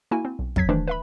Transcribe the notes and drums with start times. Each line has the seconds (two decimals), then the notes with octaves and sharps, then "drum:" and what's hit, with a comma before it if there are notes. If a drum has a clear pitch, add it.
0.11 A#3 E4 F#4 G#5
0.25 C4
0.39 B1
0.56 F2 F#3 G#6 B6, drum: kick
0.69 D#3 E3 A3 D4 C5
0.88 B4 E5 B5